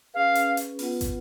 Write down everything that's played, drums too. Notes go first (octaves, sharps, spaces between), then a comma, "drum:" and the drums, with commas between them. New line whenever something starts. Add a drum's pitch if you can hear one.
C#4 G#4 B4 F5
drum: hi-hat
drum: hi-hat
B3 F4 B4 F#5, drum: open hi-hat
drum: kick, hi-hat